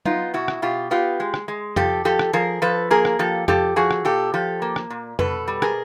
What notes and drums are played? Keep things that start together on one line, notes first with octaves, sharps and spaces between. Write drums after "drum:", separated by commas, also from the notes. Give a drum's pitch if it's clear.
B3 D#4 F4, drum: tom F#3
B2 E4 F#4
drum: rim click
B2 F4 G4
B3 F4 G4
G#3
drum: rim click
G#3
F3 G4 A4, drum: tom F2
F3 G4 A4
drum: rim click
F3 G#4 A#4
F3 A4 B4
A#3 G#4 A#4
drum: rim click
F3 G4 A4
F3 G4 A4, drum: tom F2
F3 F#4 G#4
drum: rim click
A#2 G4 A4
F3 G4 A4
A#3
drum: rim click
A#2
B2 A4 B4, drum: tom F2
G3
G#4 A#4, drum: rim click